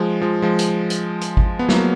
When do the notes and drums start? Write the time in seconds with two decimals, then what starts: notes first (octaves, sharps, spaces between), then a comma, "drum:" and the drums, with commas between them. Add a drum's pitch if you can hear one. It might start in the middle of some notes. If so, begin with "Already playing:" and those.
Already playing: F3 G#3
0.22 F3 G#3
0.42 F3 G#3
0.59 drum: hi-hat
0.90 drum: hi-hat
1.21 drum: hi-hat
1.37 drum: kick G#1
1.59 B3
1.69 F#3 A#3, drum: snare